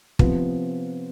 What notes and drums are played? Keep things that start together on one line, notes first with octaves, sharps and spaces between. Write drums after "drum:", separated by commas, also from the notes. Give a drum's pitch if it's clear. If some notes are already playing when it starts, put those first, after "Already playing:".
C3 F3 B3 F4, drum: kick